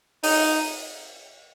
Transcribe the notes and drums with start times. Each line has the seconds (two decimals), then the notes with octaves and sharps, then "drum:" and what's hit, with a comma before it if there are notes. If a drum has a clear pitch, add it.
0.24 D#4, drum: open hi-hat